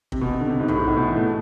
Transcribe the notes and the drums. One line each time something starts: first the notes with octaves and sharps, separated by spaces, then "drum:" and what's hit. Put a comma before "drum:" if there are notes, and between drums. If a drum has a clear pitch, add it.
C3, drum: kick
B2
C3
D3
C3
G#2
A2, drum: tom A#1
G#2
A2
B2
E3
A3